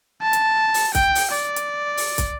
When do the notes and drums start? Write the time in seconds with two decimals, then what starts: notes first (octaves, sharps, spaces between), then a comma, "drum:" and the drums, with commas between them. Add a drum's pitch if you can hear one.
0.22 A5
0.33 drum: hi-hat
0.74 drum: open hi-hat
0.95 G5, drum: kick, hi-hat
1.15 drum: open hi-hat
1.31 D5
1.56 drum: hi-hat
1.97 drum: open hi-hat
2.18 drum: kick, hi-hat